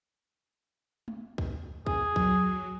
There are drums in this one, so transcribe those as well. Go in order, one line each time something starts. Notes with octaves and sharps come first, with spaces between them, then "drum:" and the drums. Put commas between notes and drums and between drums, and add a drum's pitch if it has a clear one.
drum: tom G#3
drum: kick
G#4, drum: kick
F#3, drum: kick